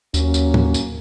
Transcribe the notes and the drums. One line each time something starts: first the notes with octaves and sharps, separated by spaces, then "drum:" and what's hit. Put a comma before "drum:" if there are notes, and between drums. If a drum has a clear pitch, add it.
D#2 F#3 A#3 C#4, drum: tambourine
drum: tambourine
drum: tom
drum: tambourine